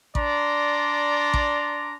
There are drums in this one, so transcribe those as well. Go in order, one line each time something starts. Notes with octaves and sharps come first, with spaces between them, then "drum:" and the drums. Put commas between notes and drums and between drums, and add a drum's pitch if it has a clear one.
D4 D5 A#5 C6, drum: kick A1
drum: kick A1